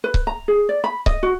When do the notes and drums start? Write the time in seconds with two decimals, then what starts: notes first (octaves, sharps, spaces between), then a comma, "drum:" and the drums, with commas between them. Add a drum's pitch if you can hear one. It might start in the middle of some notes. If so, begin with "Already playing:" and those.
0.04 B4
0.14 drum: kick C#1
0.27 A#5
0.48 G#4
0.69 D5
0.84 B5
1.06 D#5, drum: kick C#1
1.23 F#4